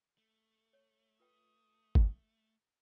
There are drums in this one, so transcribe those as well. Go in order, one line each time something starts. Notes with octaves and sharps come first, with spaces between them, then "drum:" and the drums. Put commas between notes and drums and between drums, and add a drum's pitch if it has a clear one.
A3
C#5
F4 B4 G5 D#6
drum: kick G1